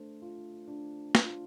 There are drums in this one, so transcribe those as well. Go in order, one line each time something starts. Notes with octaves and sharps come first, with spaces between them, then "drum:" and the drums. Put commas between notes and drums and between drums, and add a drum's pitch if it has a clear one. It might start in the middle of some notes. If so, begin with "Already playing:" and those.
Already playing: A3 D4 C5
F4
D4
F4, drum: snare